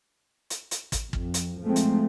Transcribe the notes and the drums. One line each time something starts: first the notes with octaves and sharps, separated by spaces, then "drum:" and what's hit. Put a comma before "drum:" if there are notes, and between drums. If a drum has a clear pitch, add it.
drum: hi-hat
drum: hi-hat
drum: kick, hi-hat
F2, drum: kick
drum: hi-hat
F3 G#3 A3 C4
drum: hi-hat